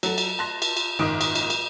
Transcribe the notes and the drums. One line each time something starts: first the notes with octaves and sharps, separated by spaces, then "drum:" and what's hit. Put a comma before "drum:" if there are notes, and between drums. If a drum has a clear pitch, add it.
F#3 A4, drum: cymbal
drum: cymbal
A5 C6 F#6 A#6
drum: cymbal
drum: cymbal
F#1 G#2 D#3 D6 D#6 D7
drum: cymbal
drum: cymbal
drum: cymbal